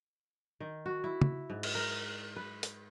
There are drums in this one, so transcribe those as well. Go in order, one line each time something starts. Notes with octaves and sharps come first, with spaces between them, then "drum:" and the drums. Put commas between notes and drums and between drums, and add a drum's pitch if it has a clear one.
D#3
F#4
E4
drum: tom
G#2
drum: cymbal
A#4
B4
drum: hi-hat